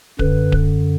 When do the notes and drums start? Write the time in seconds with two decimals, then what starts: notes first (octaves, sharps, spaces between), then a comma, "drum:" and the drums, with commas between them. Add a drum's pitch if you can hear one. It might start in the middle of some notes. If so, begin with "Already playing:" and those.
0.19 F#2 D3 B4, drum: kick D1
0.52 drum: kick D1